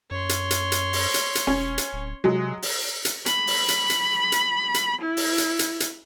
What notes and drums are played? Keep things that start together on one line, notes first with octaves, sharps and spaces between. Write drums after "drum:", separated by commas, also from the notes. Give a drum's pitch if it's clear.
F#2 C#5 C6
drum: hi-hat
drum: hi-hat
drum: hi-hat
drum: open hi-hat
drum: hi-hat
drum: hi-hat
E1 C#4
drum: hi-hat
D1
C3 F#3 G#3
drum: open hi-hat
drum: hi-hat
B5, drum: hi-hat
drum: open hi-hat
drum: hi-hat
drum: hi-hat
drum: hi-hat
drum: hi-hat
E4
drum: open hi-hat
drum: hi-hat
drum: hi-hat
drum: hi-hat